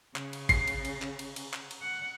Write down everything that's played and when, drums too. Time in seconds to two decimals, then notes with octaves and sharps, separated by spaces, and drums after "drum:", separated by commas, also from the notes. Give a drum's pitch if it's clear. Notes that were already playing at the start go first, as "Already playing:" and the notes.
0.16 C#3, drum: clap
0.33 drum: cymbal
0.49 C7, drum: kick G#1, cymbal
0.68 drum: cymbal
0.85 drum: cymbal
1.02 drum: clap
1.19 drum: cymbal
1.36 drum: cymbal
1.54 drum: clap
1.71 drum: cymbal
1.82 F#5